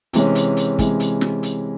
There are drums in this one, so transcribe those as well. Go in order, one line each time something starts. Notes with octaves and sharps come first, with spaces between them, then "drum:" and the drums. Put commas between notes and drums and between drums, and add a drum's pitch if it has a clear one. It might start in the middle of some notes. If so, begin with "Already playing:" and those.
C3 E3 G#3 C#4, drum: hi-hat
drum: hi-hat
drum: hi-hat
C3 E3 G#3 C#4, drum: kick, hi-hat
drum: hi-hat
drum: snare
drum: hi-hat